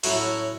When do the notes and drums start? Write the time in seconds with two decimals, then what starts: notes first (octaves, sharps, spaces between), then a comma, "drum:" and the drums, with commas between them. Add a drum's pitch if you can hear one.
0.03 A2 F#3 C#4 E4, drum: open hi-hat